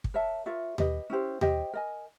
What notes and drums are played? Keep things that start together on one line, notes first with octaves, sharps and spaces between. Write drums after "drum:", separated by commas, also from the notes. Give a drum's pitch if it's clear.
drum: kick
A#4 C#5 E5 A5
F4 A#4 C#5 E5
G4 B4 D#5, drum: tom D#2
C#4 E4 G4 C5
G4 C5 D#5 G5, drum: tom D#2
A#4 D#5 G#5